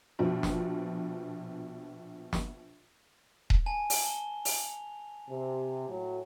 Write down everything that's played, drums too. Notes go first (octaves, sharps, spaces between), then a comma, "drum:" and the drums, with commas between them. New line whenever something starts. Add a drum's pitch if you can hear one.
A#1 B2 F3
drum: snare
drum: snare
drum: kick D#1
G#5 A5
drum: open hi-hat
A5 G7
F7, drum: open hi-hat
C3
A2 F#3